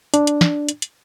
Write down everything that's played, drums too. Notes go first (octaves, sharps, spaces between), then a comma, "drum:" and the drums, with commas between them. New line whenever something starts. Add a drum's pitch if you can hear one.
D4, drum: hi-hat
drum: hi-hat
drum: snare
drum: hi-hat
drum: hi-hat